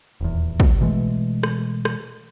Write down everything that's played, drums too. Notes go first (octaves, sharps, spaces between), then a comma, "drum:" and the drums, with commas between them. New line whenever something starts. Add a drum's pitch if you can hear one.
D#1 E2
drum: kick
B2 E3 G#3 A3
drum: rim click
drum: rim click